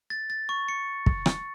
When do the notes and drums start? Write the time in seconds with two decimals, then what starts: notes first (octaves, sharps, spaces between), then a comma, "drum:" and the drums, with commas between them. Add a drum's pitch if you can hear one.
0.10 A6
0.30 A6
0.49 C#6
0.69 C#7
1.06 drum: kick
1.26 drum: rim click